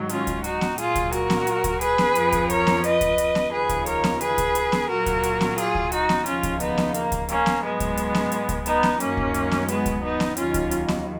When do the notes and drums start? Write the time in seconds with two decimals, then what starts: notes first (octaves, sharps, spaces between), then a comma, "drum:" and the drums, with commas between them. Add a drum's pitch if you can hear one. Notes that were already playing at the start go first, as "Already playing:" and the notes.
Already playing: G#2 D#3 F#3
0.09 C#4 F4, drum: hi-hat
0.27 drum: kick C#2, hi-hat
0.44 D#4 F#4, drum: hi-hat
0.61 drum: snare B3
0.78 A#2 F#3 F4 G#4, drum: hi-hat
0.95 drum: kick C#2, hi-hat
1.12 F#4 A#4, drum: hi-hat
1.30 drum: snare B3
1.47 drum: hi-hat
1.64 drum: kick C#2, hi-hat
1.81 G#4 B4, drum: hi-hat
1.98 drum: snare B3
2.15 F2 F3, drum: hi-hat
2.32 drum: kick C#2, hi-hat
2.50 A#4 C#5, drum: hi-hat
2.67 drum: snare B3
2.84 B4 D#5, drum: hi-hat
3.01 drum: kick C#2, hi-hat
3.18 drum: hi-hat
3.35 drum: snare B3
3.52 D#2 C#3 F3 G#4 B4
3.69 drum: kick C#2, hi-hat
3.86 A#4 C#5, drum: hi-hat
4.04 drum: snare B3
4.21 G#4 B4, drum: hi-hat
4.38 drum: kick C#2, hi-hat
4.55 drum: hi-hat
4.72 drum: snare B3
4.89 A#2 F#3 F#4 A#4
5.06 drum: kick C#2, hi-hat
5.23 drum: hi-hat
5.41 drum: snare B3
5.58 F4 G#4, drum: hi-hat
5.75 drum: kick C#2
5.92 D#4 F#4, drum: hi-hat
6.09 drum: snare B3
6.26 D#2 C#3 F3 C#4 F4, drum: hi-hat
6.43 drum: kick C#2, hi-hat
6.60 B3 D#4, drum: hi-hat
6.78 drum: snare B3
6.94 A#3, drum: hi-hat
7.12 drum: kick C#2, hi-hat
7.29 A#3 C#4, drum: hi-hat
7.46 drum: snare B3
7.63 G#2 F#3 G#3 B3
7.80 drum: kick C#2, hi-hat
7.97 drum: hi-hat
8.15 drum: snare B3
8.32 drum: hi-hat
8.49 drum: kick C#2, hi-hat
8.66 B3 D#4, drum: hi-hat
8.83 drum: snare B3
9.00 F#2 D#3 F#3 A#3 C#4, drum: hi-hat
9.17 drum: kick C#2
9.34 drum: hi-hat
9.51 drum: snare B3
9.68 G#3 B3, drum: hi-hat
9.86 drum: kick C#2, hi-hat
10.03 B3 D#4
10.20 drum: snare B3
10.37 D#2 D#3 F#3 C#4 F4, drum: hi-hat
10.54 drum: kick C#2, hi-hat
10.71 drum: hi-hat
10.88 drum: snare B3